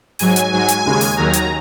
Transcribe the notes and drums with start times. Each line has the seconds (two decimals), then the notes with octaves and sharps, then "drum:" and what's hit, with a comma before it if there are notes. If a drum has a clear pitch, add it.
0.19 G#2 F#3 G#5, drum: open hi-hat
0.36 drum: hi-hat
0.52 G#2 F#3 G#5
0.68 drum: hi-hat
0.85 D#2 C#3 G#3
1.01 drum: open hi-hat
1.17 D#2 D#3 F#3 A#5
1.33 drum: hi-hat